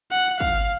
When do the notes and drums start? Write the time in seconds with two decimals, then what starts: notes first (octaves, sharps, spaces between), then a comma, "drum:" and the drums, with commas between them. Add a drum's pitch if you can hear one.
0.12 F#5
0.40 F5, drum: kick